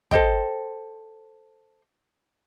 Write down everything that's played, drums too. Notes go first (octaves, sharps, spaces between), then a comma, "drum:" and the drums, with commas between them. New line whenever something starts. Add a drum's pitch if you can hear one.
A4 C5 D#5 G5, drum: kick